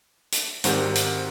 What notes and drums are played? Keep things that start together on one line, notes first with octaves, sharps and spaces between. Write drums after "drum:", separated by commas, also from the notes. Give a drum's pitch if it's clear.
drum: hi-hat
G#1 G#2 D#3 G3 C4, drum: hi-hat
drum: hi-hat